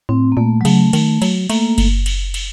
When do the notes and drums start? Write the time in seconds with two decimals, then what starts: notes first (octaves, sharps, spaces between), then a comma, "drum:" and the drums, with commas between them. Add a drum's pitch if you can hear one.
0.09 A2 C4
0.32 A#3
0.37 A#2 A3
0.61 F#3
0.65 C#3 A3, drum: cymbal
0.93 D#3, drum: cymbal
1.22 F#3, drum: cymbal
1.50 A3 A#3, drum: cymbal
1.78 drum: kick F#1, cymbal
2.06 drum: cymbal
2.34 drum: cymbal